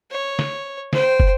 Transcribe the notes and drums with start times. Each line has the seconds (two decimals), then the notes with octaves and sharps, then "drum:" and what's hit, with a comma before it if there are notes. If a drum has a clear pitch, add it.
0.11 C#5
0.39 drum: snare
0.93 C5 G5, drum: snare
1.20 drum: kick